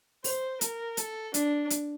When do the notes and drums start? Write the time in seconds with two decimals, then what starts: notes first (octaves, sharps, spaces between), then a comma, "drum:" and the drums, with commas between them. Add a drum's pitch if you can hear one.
0.24 C5, drum: open hi-hat
0.61 A#4, drum: hi-hat
0.97 A4, drum: hi-hat
1.34 D4, drum: hi-hat
1.70 drum: hi-hat